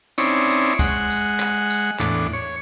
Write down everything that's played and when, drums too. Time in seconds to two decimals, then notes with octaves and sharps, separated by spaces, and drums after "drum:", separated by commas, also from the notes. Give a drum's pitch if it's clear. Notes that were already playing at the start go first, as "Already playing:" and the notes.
0.18 C4 C#4 D#4 E4 C#5 D5, drum: tambourine
0.50 drum: tambourine
0.79 G#3 F#5, drum: kick, tambourine
1.10 drum: tambourine
1.40 drum: clap
1.70 drum: tambourine
2.00 E2 A2 D4, drum: clap
2.33 C#5